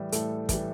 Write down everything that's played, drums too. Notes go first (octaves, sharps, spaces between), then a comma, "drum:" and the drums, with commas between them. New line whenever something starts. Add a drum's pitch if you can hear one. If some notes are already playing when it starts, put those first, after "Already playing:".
Already playing: A2 E3 G3
A2 A4, drum: hi-hat
E3 G3, drum: kick, hi-hat